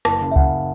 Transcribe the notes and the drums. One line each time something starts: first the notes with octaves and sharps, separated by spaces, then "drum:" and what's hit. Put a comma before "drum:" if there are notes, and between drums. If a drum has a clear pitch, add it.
F#1 A5, drum: rim click
C#3
E5
C#3 F#5, drum: kick C#2